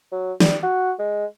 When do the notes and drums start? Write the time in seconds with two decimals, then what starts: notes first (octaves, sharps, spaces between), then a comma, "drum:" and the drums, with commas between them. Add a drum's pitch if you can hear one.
0.12 F#3
0.40 G3, drum: snare
0.63 F#4
0.99 G#3